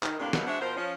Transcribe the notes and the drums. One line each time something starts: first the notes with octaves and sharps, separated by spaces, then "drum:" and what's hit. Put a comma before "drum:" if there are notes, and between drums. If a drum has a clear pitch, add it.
D#3, drum: clap
A2 C3 A#3 D4
B2 D#3 E3 F#3 G#3 A#3, drum: snare
G#3 D4 F#4 C5 E5 F#5
B2 F3 A#4 C5
F3 C#4